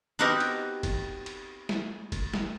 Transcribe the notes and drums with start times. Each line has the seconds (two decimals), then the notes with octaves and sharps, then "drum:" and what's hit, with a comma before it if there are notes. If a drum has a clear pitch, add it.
0.19 B3 C4 D#4 F#4 G4 A#4
0.40 drum: cymbal
0.83 drum: kick, cymbal
1.26 drum: cymbal
1.69 drum: snare
2.12 drum: kick, cymbal
2.34 drum: snare